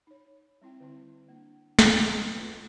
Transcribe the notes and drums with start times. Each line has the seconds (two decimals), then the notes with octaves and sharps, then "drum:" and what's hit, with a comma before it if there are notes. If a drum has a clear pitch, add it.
0.07 D#4 C#5
0.61 G3 C4 E4 G5
0.80 D3 G3 C4 E4
1.29 A#3 D4
1.79 drum: snare
2.33 E4 F4 B4